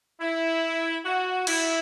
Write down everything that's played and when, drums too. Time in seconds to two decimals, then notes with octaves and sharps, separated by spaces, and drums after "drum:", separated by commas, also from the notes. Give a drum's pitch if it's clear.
0.21 E4
1.05 F#4
1.47 E4, drum: cymbal